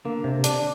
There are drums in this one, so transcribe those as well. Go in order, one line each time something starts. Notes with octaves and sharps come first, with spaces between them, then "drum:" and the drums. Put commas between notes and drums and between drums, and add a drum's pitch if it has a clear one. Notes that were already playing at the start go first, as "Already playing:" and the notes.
D3 A#3
C3
D4, drum: hi-hat